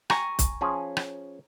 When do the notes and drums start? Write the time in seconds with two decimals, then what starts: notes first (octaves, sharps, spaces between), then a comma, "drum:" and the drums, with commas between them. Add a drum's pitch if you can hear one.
0.10 G#5 A#5 C#6, drum: rim click
0.39 drum: kick, hi-hat
0.61 F3 C#4 G#4
0.97 drum: rim click